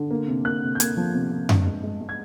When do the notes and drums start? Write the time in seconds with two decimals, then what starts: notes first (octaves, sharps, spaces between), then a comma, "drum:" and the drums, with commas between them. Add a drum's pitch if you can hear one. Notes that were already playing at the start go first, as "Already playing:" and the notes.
Already playing: D3
0.11 A#3
0.28 C3
0.45 A#3 F#6
0.62 C3
0.75 G6
0.80 A#3 G#6, drum: hi-hat
0.97 F3
1.14 C3
1.32 C3
1.49 G2, drum: tom F#2
1.66 G#3
1.83 G#3
2.01 G#3
2.09 G#6